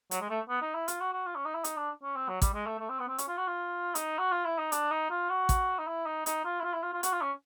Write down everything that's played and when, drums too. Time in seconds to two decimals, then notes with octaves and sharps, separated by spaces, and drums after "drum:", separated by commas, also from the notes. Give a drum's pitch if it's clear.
0.11 F#3, drum: hi-hat
0.21 G#3
0.30 A3
0.49 B3
0.62 D#4
0.75 E4
0.88 F4, drum: hi-hat
1.01 F#4
1.13 F#4
1.26 F4
1.36 C#4
1.45 D#4
1.55 E4
1.64 D#4, drum: hi-hat
1.77 D4
2.03 C#4
2.16 C4
2.29 F#3
2.42 G3, drum: kick A1, hi-hat
2.54 G#3
2.67 A3
2.79 A3
2.89 C4
3.00 B3
3.08 C4
3.18 C#4, drum: hi-hat
3.28 F4
3.38 F#4
3.48 F4
3.95 D#4, drum: hi-hat
4.19 F#4
4.32 F4
4.46 E4
4.59 D#4
4.72 D4, drum: hi-hat
4.91 D#4
5.11 F4
5.30 F#4
5.49 drum: kick A1, hi-hat
5.79 D#4
5.87 E4
6.06 D#4
6.26 D#4, drum: hi-hat
6.45 F4
6.60 E4
6.64 F4
6.74 E4
6.83 F4
6.93 F4
7.03 F#4, drum: hi-hat
7.13 F4
7.22 C#4